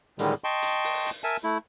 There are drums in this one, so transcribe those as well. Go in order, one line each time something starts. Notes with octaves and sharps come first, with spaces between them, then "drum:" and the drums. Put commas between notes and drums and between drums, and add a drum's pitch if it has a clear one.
A2 D3 D#3 G3 G#3, drum: hi-hat
D#5 G5 A5 C6 C#6
drum: hi-hat
drum: open hi-hat
drum: hi-hat
A#4 E5 G#5 A5
A3 E4